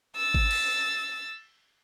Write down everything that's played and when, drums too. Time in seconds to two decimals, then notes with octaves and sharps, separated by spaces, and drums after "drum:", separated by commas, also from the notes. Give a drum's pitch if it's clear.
0.17 E6 A6
0.34 drum: kick G#1
0.51 drum: cymbal